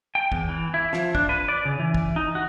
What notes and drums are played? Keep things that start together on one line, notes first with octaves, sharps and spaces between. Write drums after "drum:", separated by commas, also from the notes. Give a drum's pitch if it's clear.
G5
E2, drum: kick
E3
E4
F3, drum: snare
D4, drum: kick
B4
D5
C#3
E3
drum: kick
D#4
F#4